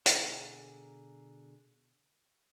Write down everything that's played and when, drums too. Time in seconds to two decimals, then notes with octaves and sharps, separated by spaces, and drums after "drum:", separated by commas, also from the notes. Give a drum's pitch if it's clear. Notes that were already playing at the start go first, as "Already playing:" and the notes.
0.06 B2 D3 G#4 A#4, drum: hi-hat